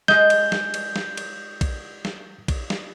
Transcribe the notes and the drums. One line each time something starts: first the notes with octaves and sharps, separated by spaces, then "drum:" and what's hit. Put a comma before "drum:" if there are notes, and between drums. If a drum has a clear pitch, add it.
G#3 D#5 G6, drum: snare
drum: cymbal
drum: snare
drum: cymbal
drum: snare
drum: cymbal
drum: kick A#1, cymbal
drum: snare
drum: kick A#1, cymbal
drum: snare